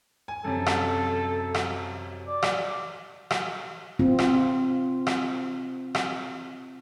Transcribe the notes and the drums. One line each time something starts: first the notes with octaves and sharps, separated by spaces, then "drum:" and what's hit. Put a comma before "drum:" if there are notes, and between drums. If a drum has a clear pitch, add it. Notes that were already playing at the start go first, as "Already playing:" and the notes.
G#5
F#2 C3 A4
drum: rim click
drum: rim click
D5
drum: rim click
drum: rim click
C4 F4
drum: rim click
drum: rim click
drum: rim click